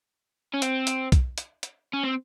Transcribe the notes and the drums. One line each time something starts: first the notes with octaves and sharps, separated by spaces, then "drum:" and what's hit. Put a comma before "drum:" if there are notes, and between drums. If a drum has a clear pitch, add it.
C#4
C4, drum: hi-hat
drum: hi-hat
drum: kick B1, hi-hat
drum: hi-hat
drum: hi-hat
C#4
C4